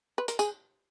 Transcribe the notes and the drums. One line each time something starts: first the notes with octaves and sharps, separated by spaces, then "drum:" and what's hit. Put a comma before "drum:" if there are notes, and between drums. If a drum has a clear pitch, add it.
B4
A#4, drum: hi-hat
G#4, drum: tambourine